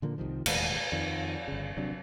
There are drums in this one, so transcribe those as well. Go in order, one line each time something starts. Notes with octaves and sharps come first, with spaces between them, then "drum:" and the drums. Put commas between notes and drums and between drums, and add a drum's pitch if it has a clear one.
A#2 D3 F3 A#3
C2 C3 D#3 F3
E1 D#2 A2 G#3, drum: cymbal
F2 D#3 F3
G1 C#3
D#1 C3 F#3 D4